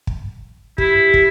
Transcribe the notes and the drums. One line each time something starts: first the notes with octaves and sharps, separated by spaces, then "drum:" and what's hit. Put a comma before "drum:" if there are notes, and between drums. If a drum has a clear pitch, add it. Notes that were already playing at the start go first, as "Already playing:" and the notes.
drum: kick
E4 G4, drum: kick
drum: kick